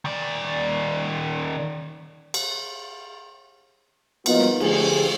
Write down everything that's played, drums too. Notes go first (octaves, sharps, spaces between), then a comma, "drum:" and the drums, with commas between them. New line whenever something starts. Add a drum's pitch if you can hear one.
D#3 D5
drum: cymbal
F3 A#3 B3 D#4 F4 F#4, drum: cymbal
drum: snare
D3 F3 A3 G4 G#4, drum: cymbal